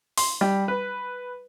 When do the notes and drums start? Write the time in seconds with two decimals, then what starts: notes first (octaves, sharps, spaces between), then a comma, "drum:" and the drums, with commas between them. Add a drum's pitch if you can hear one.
0.17 C6, drum: open hi-hat
0.41 G3
0.68 B4